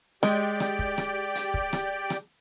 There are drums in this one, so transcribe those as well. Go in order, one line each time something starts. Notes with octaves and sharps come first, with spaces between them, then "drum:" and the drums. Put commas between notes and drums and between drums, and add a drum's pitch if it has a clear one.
G#3 G4 D5 G5, drum: rim click
drum: rim click
drum: kick
drum: rim click
drum: hi-hat
drum: kick
drum: rim click
drum: rim click